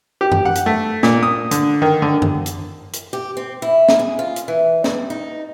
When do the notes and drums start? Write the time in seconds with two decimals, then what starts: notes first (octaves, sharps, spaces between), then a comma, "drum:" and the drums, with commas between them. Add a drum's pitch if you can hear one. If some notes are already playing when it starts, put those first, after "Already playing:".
0.21 G4
0.32 drum: tom F#2
0.45 F#5
0.55 drum: hi-hat
0.66 A3
1.03 A#2, drum: snare
1.23 D#6
1.51 D3, drum: hi-hat
1.82 D#3
2.02 D3
2.22 drum: tom F#2
2.46 drum: hi-hat
2.93 drum: hi-hat
3.13 G4
3.37 C4
3.62 E4
3.89 drum: snare
3.99 G#4
4.19 F4
4.36 drum: hi-hat
4.48 E3
4.84 G2, drum: snare
5.10 D#4